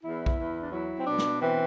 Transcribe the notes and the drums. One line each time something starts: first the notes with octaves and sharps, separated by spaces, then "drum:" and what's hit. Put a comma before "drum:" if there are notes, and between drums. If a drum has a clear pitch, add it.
E2 E4
drum: kick B1
E2
D4
F#3 E4
C4
B2 D4
drum: snare
E3 C4